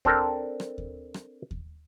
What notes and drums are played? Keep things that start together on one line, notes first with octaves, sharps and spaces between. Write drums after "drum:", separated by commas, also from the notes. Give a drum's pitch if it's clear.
C4 D4 A4 A#4, drum: kick D#2
drum: rim click
drum: kick D#2
drum: rim click
drum: kick D#2